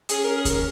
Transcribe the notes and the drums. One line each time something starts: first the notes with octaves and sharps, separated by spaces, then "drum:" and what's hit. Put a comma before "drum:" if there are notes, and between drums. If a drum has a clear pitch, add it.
C#4 G#4, drum: hi-hat
C#4 A#4
G#4
D#2 A#4, drum: kick D2, hi-hat